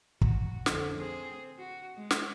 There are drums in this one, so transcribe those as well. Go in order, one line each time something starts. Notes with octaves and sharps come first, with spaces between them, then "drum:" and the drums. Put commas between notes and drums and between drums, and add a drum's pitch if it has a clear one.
F#4, drum: kick
F2 D3, drum: snare
C4 G#4
F#4
G#3
drum: snare